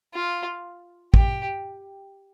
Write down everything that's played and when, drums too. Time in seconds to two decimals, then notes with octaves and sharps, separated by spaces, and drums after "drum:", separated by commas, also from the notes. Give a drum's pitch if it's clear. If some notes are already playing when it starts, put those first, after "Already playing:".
0.14 F4
1.14 G4, drum: kick